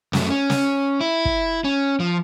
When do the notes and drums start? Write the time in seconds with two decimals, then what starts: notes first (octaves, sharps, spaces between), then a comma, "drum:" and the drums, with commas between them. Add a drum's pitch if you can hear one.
0.13 F#2 A3, drum: snare
0.30 C#4
0.50 drum: snare
1.01 E4
1.25 drum: kick
1.64 C#4
2.00 F3